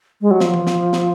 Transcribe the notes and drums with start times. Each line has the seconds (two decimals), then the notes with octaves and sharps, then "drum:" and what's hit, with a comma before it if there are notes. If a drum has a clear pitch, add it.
0.21 G#3
0.31 F#3
0.40 F3, drum: snare
0.54 drum: tom E3
0.67 drum: snare
0.93 drum: snare